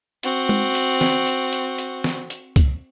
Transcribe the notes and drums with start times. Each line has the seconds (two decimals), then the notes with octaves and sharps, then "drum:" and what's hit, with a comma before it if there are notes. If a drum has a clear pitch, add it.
0.23 C4 F#4, drum: hi-hat
0.49 drum: tom G#3
0.75 drum: hi-hat
1.01 drum: snare
1.27 drum: hi-hat
1.53 drum: hi-hat
1.78 drum: hi-hat
2.04 drum: snare
2.30 drum: hi-hat
2.56 drum: kick C#2, hi-hat